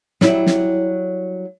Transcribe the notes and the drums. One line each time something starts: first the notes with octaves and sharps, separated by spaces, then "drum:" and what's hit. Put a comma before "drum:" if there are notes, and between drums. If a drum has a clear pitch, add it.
F#3 G3 E4, drum: snare
drum: snare